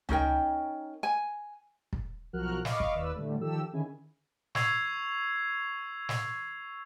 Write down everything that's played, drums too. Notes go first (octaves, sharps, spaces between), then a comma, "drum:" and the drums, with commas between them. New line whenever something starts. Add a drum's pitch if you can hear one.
C#4 D#4 A#4 G5, drum: tom C#2
G#5
drum: kick
B1 F3 F#4 A#4 F6 F#6
D#5 F5 B5 C#6 D6, drum: snare
drum: kick
D#2 B4 D5 E6
A2 D3 G3 A3
D#3 F3 G4 A4 E6
D3 D#3 C#4 E4 G#4 G#5
C#6 E6 G#6 C7 F7, drum: snare
drum: snare